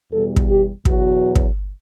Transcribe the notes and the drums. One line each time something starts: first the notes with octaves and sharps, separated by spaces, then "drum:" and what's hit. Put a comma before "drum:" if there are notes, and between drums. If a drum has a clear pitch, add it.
E2 B2 G3 A4
drum: kick
G4
E2 B2 F#3 B3 F#4, drum: kick
drum: kick